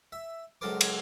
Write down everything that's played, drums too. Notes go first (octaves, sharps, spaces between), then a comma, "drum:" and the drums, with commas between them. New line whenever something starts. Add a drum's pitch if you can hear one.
E5
C#2 F#3 A4 A#4 C5 D6
drum: cymbal